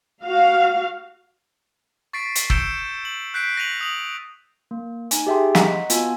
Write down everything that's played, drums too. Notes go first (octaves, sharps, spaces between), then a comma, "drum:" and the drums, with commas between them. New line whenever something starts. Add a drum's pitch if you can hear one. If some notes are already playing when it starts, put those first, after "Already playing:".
F#4 F5
C#6 A6 B6 C7 D7
drum: hi-hat
E6 G6 C#7 D7 E7 G7, drum: kick
F#7
F#6 G6 B6 C7 D7
A#6 D#7 F7 F#7
D#6 F7 F#7
A#3
D#4 G#5, drum: hi-hat
G4 G#4 E5 G5 A5 C6
D#5 F#5 A#5 C#6 B6, drum: snare
B3 F4 F#4 G#5 A5, drum: hi-hat